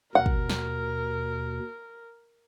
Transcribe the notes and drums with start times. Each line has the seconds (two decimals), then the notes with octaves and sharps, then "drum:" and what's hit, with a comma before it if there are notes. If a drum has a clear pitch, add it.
0.15 D#2 B2 A#4 F#5
0.26 drum: kick
0.50 drum: snare